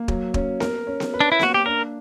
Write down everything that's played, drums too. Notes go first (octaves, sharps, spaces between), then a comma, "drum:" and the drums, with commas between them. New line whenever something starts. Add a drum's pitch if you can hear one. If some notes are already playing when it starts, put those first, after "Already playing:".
Already playing: A#3
F#3, drum: kick
C#4, drum: kick
A#4, drum: snare B3
C#4
drum: snare B3
B4
D4
E4
A#3 F#4, drum: snare B3
G4
D4 A#4